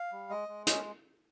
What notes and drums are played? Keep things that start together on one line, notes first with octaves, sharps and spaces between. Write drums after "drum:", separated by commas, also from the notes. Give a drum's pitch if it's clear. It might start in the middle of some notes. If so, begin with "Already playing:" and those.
Already playing: F5
G3
G#3 D#5
G#3
C#4 D#5, drum: hi-hat